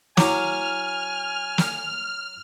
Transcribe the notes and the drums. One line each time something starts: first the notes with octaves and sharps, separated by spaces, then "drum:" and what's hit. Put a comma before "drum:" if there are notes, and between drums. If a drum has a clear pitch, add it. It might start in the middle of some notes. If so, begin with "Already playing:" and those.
F#3 E4 G#5 D6 F6, drum: snare
drum: snare